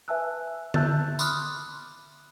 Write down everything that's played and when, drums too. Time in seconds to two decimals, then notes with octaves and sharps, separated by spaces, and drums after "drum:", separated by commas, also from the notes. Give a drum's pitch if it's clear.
0.08 B4 E5 G#5 A5 E6 F#6
0.74 E5 A5 E6 F#6 G6 A6, drum: tom D3
1.19 B5 C6 D6 D#6 F6 F#6, drum: tambourine